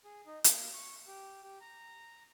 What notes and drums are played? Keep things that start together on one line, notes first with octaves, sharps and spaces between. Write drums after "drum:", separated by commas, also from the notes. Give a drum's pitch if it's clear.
G#4
D#4
A#3, drum: hi-hat
C#6
G4
G4
A#5